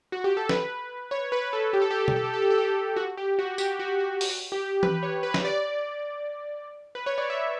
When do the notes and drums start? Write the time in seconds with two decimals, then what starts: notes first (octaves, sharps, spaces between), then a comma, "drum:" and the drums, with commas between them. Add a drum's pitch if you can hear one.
0.12 F#4
0.24 G4
0.37 A4
0.49 B4, drum: snare
1.11 C#5
1.32 B4
1.53 A4
1.73 G4
1.82 A4
1.90 G4
2.00 A4
2.08 G4, drum: tom B2
2.16 A4
2.24 G4
2.33 A4
2.42 G4
2.50 A4
2.58 G4
2.96 F#4
3.17 G4
3.39 F#4
3.58 G4, drum: tambourine
3.79 F#4
4.00 F#4
4.21 F#4, drum: open hi-hat
4.52 G4
4.83 B4, drum: tom E3
5.03 C#5
5.23 B4
5.34 drum: snare
5.45 D5
6.95 B4
7.06 C#5
7.18 D5
7.30 E5